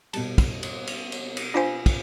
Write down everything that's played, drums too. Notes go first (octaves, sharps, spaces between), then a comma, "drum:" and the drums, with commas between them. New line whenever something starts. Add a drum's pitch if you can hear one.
B2 G3 A5, drum: cymbal
drum: kick, cymbal
drum: cymbal
drum: cymbal
drum: cymbal
drum: cymbal
D4 F4 C5 F5 G#5
drum: kick, cymbal